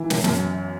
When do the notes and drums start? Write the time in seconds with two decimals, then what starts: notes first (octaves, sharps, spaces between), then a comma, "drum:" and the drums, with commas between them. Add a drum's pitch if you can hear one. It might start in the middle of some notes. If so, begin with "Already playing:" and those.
Already playing: E3
0.10 drum: snare
0.24 F#2, drum: snare